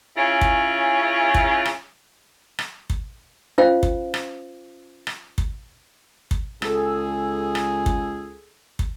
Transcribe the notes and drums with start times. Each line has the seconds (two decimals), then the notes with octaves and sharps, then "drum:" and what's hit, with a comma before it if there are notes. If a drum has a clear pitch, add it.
0.17 C#3 C#4 E4 F4
0.41 drum: kick
1.34 drum: kick
1.65 drum: rim click
2.59 drum: rim click
2.90 drum: kick
3.58 C#4 F4 C5 F5 G5
3.83 drum: kick
4.14 drum: rim click
5.07 drum: rim click
5.38 drum: kick
6.31 drum: kick
6.62 C#2 G#4 A4 E6, drum: rim click
7.55 drum: rim click
7.86 drum: kick
8.79 drum: kick